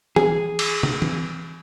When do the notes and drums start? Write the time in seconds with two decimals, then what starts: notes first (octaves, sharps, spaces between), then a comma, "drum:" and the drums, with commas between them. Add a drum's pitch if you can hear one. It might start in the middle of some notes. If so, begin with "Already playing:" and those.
0.16 G#4, drum: tom
0.59 drum: cymbal
0.83 drum: tom
1.02 drum: tom E3